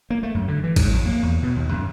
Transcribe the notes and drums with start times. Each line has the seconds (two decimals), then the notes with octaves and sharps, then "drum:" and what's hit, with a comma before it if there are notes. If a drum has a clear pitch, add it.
0.10 A#3
0.23 A3
0.34 F#2
0.48 D3
0.64 E3
0.76 G#2, drum: kick, cymbal
0.92 F2
1.05 A#3
1.23 E2
1.42 B2
1.56 D#2
1.72 F#2